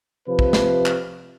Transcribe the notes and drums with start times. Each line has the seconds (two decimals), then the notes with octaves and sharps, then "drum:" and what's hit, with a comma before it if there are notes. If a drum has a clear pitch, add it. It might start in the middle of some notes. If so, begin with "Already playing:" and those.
0.29 C3 F3 B4
0.39 drum: kick
0.53 drum: snare
0.86 drum: clap